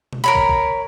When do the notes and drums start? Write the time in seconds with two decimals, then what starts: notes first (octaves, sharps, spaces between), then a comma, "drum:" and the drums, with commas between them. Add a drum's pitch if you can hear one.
0.13 drum: tom
0.24 A#4 C#5 B5
0.35 drum: kick
0.49 drum: kick